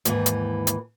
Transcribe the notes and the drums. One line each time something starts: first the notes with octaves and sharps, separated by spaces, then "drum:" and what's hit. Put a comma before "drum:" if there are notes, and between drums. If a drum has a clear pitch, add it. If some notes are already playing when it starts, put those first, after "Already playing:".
D#2 G#2 E3, drum: hi-hat
drum: hi-hat
drum: hi-hat